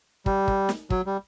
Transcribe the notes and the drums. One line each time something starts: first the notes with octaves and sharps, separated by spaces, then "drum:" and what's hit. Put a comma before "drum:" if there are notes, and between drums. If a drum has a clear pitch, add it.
G3, drum: kick
drum: kick
drum: snare
F#3, drum: kick
G3